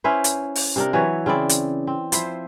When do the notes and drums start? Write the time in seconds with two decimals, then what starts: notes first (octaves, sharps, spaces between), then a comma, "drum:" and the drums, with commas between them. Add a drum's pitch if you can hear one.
0.04 C#4 E4 B4 C5
0.24 drum: hi-hat
0.55 drum: open hi-hat
0.76 C3 D4 A#4
0.93 E3 F#3 B4 C#5
1.26 C#3 C4 E4 D5
1.49 drum: hi-hat
1.87 C4
2.12 F3 E4 C5 E5, drum: hi-hat